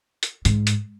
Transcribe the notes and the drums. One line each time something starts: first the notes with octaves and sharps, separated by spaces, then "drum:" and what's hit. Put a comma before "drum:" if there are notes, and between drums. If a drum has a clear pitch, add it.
drum: hi-hat
G#2, drum: hi-hat
drum: hi-hat